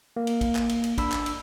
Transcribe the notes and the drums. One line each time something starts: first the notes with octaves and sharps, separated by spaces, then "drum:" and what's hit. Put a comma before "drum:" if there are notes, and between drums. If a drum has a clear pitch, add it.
A#3
drum: cymbal
drum: kick, cymbal
drum: clap
drum: cymbal
drum: cymbal
D4 B5 E6, drum: kick, cymbal
drum: clap
drum: cymbal